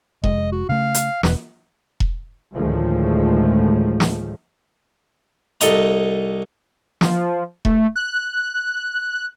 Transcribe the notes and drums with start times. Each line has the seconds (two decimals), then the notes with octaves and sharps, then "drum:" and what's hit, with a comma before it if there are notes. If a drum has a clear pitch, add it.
0.24 F1 G#3 D#5, drum: kick E1
0.52 F#4
0.69 C#3 A3 F5
0.94 drum: hi-hat
1.23 E1 B4, drum: snare
2.00 drum: kick E1
2.55 D2 A2 D#3 F3 G#3 A3
4.00 drum: snare
5.61 C2 A4 D#5 A#5, drum: hi-hat
7.01 F3, drum: snare
7.65 A3, drum: kick E1
7.96 F#6